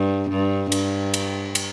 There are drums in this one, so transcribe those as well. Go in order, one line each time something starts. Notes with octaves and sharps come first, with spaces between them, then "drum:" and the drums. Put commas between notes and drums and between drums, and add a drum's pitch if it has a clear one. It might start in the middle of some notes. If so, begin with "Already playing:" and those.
Already playing: G2
G2
G2, drum: cymbal
drum: cymbal
drum: cymbal